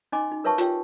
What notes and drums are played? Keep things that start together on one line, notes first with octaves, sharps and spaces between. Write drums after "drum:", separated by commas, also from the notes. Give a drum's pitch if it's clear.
C#4 D#4 D#5 G#5 C6 D6
D#4
A#4 B4 C#5 E5 A5 C#6
F4 G4 A#4 C#5 G5, drum: hi-hat